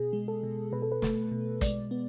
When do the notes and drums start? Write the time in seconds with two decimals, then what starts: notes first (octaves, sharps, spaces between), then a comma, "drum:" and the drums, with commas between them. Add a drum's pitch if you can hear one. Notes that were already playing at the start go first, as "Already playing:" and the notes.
Already playing: B2 G#4
0.13 G#3
0.28 A4
0.43 B2
0.72 B2 B4
0.82 A4
0.92 B4
1.02 A3, drum: snare
1.32 B2
1.61 G#3 D5, drum: kick, hi-hat
1.91 B3